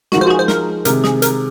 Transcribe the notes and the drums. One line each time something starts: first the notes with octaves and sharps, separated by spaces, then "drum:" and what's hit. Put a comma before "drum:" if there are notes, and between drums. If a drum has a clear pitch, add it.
F3 G#3 D#4 F#4 A#4, drum: snare
C5
F#4
G#4
C5
A#4, drum: snare
C3 D#3 G#3 A#4, drum: hi-hat
G#4, drum: snare
A#4, drum: hi-hat